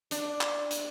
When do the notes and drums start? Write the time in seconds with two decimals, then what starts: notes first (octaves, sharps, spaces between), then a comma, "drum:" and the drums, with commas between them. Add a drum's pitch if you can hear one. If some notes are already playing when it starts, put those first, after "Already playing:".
0.11 D4, drum: hi-hat
0.41 drum: clap
0.71 drum: hi-hat